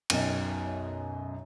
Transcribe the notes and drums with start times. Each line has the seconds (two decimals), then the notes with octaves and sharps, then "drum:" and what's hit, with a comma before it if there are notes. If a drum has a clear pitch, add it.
0.10 B1 F#2 B2 D#5, drum: cymbal